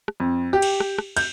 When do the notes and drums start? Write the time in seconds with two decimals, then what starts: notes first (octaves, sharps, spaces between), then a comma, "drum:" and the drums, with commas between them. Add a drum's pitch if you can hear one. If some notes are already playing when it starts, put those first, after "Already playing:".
0.08 drum: rim click
0.20 F2
0.53 G4
0.62 drum: cymbal
0.80 drum: rim click
0.98 drum: rim click
1.17 G6, drum: cymbal